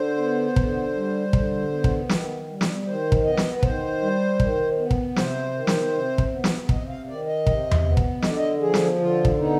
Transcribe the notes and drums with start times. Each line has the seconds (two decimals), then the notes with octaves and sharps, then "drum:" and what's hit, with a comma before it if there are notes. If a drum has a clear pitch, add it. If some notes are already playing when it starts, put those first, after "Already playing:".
Already playing: D3 C5
0.18 B3
0.56 D3, drum: kick
0.95 G3
1.33 D3, drum: kick
1.71 B3
1.84 drum: kick
2.09 D#3, drum: snare
2.48 G3
2.61 drum: snare
2.86 D#3 C5
3.12 drum: kick
3.24 B3 D#5
3.37 drum: snare
3.56 B4
3.63 D#3 C5, drum: kick
4.01 G3
4.40 D#3, drum: kick
4.78 B3
4.91 drum: kick
5.16 C3 C5, drum: snare
5.54 D#3
5.67 drum: snare
5.93 C3
6.18 drum: kick
6.31 B3
6.44 drum: snare
6.69 C3 D#5, drum: kick
6.89 F5
7.07 D#3 D5
7.27 D#5
7.47 C3, drum: kick
7.71 drum: tom E2
7.84 B3
7.97 drum: kick
8.22 D3 D#5, drum: snare
8.29 D5
8.37 D#5
8.60 F3 G#4
8.74 drum: snare
8.99 D3 F4
9.25 drum: kick
9.37 B3 D#4